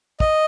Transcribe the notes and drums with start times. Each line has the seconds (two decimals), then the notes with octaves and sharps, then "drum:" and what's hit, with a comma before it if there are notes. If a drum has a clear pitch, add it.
0.20 D#5, drum: kick